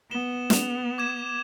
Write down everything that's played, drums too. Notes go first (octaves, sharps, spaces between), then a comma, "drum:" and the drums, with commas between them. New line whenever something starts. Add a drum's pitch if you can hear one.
B3 E7 G7
F7, drum: snare
D6 G#6 E7